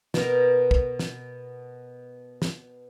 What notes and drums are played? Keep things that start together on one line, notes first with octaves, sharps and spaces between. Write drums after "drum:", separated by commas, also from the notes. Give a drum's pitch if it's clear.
B2 A#4, drum: snare
drum: kick
drum: snare
drum: snare